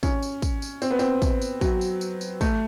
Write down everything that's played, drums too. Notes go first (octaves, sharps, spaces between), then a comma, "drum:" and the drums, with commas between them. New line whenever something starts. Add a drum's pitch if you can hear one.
C#4, drum: kick, tambourine
drum: tambourine
drum: kick, tambourine
drum: tambourine
C4, drum: tambourine
B3
C4, drum: tambourine
drum: kick, tambourine
drum: tambourine
F#3, drum: kick, tambourine
drum: tambourine
drum: tambourine
drum: tambourine
A3, drum: kick, tambourine